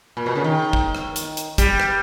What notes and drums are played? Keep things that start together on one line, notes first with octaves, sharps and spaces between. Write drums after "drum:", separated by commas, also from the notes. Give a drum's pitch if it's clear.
A#2
B2
C#3
D#3
drum: kick
drum: rim click
drum: hi-hat
drum: hi-hat
G3, drum: kick, hi-hat
drum: rim click